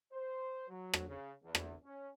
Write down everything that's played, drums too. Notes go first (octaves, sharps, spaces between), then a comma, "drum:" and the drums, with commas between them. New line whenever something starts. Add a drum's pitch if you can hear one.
C5
F#3
drum: rim click
C#3
E2
drum: rim click
C#4